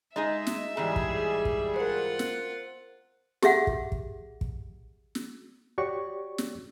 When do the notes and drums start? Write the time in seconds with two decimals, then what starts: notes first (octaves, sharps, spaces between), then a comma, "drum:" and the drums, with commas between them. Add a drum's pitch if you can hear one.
0.16 G#3 D#4 G#4 D#5 E5
0.47 drum: snare
0.77 G#2 B2 E3 G3 G#4
0.96 drum: kick
1.45 drum: kick
1.76 F4 A#4 C5 F#5
2.19 drum: snare
3.42 G4 G#4 E5 F#5, drum: snare
3.67 drum: kick
3.92 drum: kick
4.41 drum: kick
5.15 drum: snare
5.78 F#4 G4 C#5 D5 C#6
6.38 drum: snare